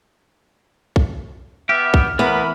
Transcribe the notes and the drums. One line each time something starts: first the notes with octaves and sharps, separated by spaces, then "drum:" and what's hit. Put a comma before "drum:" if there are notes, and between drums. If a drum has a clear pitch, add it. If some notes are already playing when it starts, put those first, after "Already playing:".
drum: kick
B3 G4 E5 F6
drum: kick
E3 B3 A#4 B5